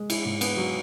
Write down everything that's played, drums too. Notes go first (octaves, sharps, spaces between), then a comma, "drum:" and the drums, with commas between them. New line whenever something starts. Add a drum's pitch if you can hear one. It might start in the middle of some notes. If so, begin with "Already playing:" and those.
Already playing: G#3
E4, drum: cymbal
G#2
B3, drum: cymbal
F#3